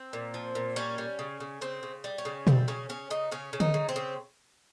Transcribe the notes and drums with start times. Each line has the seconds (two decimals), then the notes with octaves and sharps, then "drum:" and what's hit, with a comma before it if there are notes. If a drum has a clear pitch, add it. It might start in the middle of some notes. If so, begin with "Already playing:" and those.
Already playing: C4
0.13 A#2
0.34 F3
0.55 A#2
0.76 G3 C#4
0.98 G3
1.19 C#3
1.40 C#3
1.61 C#3 C4
1.83 C#3
2.04 G3
2.18 C#4
2.25 C#3
2.47 G3 C4, drum: tom B2
2.68 C#3 C#4
2.89 C#3 C#4
3.10 C#3 D#4
3.31 C#3 C#4
3.53 C#3
3.60 D#4, drum: tom D3
3.74 C#3
3.89 C4
3.96 C#3